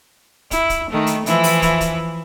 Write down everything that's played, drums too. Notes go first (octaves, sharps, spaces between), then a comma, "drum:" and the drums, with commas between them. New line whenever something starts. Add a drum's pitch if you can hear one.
E4, drum: kick, hi-hat
drum: kick, hi-hat
D#3 A3
drum: hi-hat
E3 F3 E4, drum: hi-hat
drum: open hi-hat
drum: kick, hi-hat
drum: kick, hi-hat